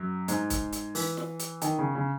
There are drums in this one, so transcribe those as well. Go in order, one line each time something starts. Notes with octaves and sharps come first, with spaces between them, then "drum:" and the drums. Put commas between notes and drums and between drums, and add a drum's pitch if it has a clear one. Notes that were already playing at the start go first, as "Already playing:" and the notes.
Already playing: F#2
G#2, drum: hi-hat
drum: kick, hi-hat
drum: hi-hat
E3, drum: open hi-hat
drum: snare
drum: hi-hat
D#3, drum: hi-hat
C#3
C#3